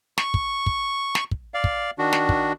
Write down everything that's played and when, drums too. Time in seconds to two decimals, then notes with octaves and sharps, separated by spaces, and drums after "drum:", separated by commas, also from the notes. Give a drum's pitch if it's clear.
0.18 C#6, drum: snare
0.34 drum: kick
0.66 drum: kick
1.15 drum: snare
1.31 drum: kick
1.54 D5 F5
1.64 drum: kick
1.99 D#3 D4 F#4
2.13 drum: snare
2.29 drum: kick